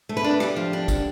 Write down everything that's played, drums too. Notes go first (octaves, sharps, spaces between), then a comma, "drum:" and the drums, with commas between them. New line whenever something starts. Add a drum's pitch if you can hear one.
A3
B4
D4
D4 G4, drum: rim click
F3
D4
D3, drum: kick, tambourine